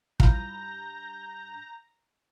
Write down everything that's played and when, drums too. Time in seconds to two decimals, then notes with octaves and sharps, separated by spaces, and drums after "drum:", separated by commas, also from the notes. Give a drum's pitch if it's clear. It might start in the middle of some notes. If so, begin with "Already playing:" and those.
0.20 G2 E4 F4 B4 F5 A#5 G6, drum: kick